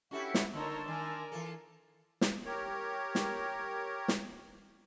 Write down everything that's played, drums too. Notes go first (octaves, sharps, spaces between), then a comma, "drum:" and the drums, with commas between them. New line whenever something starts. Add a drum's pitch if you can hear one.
C#4 E4 F#4 G4 A4 F#5
drum: snare
D3 D#4 A#4 C#5 A5 C6 E6
D#3 A#4 D5 G#5
E3 F4 A4
drum: snare
G4 A#4 C#5
drum: snare
drum: snare